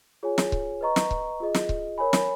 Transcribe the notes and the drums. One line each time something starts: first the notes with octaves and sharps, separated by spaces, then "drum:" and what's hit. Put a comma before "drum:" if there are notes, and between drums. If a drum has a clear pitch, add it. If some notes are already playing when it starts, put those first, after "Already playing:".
F4 G#4 C#5 G#5
drum: snare
drum: kick C#1
B4 D#5 A#5 C#6
drum: snare
drum: kick C#1
F4 G#4 D#5
drum: snare
drum: kick C#1
A#4 C#5 G#5 B5
drum: snare